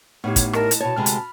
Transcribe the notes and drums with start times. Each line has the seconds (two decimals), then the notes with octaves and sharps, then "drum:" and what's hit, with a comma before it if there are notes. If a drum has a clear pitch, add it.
0.24 A2 B3 D#4 G4 C#5
0.36 drum: kick, hi-hat
0.53 E4 A#4 D#5 A5, drum: rim click
0.71 drum: hi-hat
0.80 B2 C#5 A5 A6
0.96 D2 C3 G#3 B5 F6
1.06 drum: hi-hat